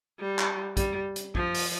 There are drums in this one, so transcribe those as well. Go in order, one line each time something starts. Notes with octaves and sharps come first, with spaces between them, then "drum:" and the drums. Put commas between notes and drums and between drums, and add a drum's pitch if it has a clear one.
G3
drum: clap
G3, drum: kick A#1, hi-hat
drum: hi-hat
F3, drum: kick A#1
drum: open hi-hat